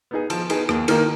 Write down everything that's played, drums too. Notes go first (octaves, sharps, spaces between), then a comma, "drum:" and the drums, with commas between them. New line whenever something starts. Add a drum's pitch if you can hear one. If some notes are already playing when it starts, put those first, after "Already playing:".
B3 D#4 G#4
F3, drum: cymbal
B3 D#4 G#4, drum: cymbal
D#2, drum: rim click
D#3 A#3 D#4 A#4, drum: cymbal